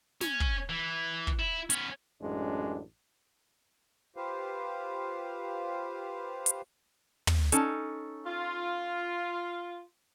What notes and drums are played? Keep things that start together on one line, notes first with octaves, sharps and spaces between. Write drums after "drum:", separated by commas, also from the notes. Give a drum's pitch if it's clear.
C#4, drum: snare
drum: kick
E3
drum: kick
E4
B3 C#4, drum: hi-hat
A1 F#2 G#3 D4
F4 G4 B4 C5 F5
drum: hi-hat
drum: tom
C#4 D#4 A4, drum: hi-hat
F4